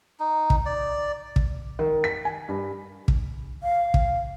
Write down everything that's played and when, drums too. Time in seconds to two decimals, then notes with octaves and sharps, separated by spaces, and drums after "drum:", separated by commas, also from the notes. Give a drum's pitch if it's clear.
0.20 D#4
0.50 drum: kick
0.66 D5
1.36 drum: kick
1.79 D#3
2.04 B6
2.25 G#5
2.49 G2
3.08 drum: kick
3.63 F5
3.94 drum: kick